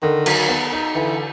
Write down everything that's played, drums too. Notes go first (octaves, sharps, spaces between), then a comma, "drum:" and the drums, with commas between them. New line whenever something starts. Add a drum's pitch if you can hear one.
D3 D#3
F#3, drum: cymbal
B3
D#4
D3 E3